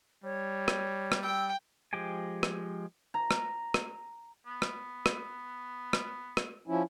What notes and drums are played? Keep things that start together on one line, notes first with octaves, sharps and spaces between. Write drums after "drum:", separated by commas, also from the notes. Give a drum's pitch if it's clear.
G3 C#5
drum: rim click
drum: rim click
G5 E6
F3 G#3 G4 G5 G#5
drum: rim click
A#5
drum: rim click
drum: rim click
B3
drum: rim click
drum: rim click
drum: rim click
drum: rim click
F3 C#4 E4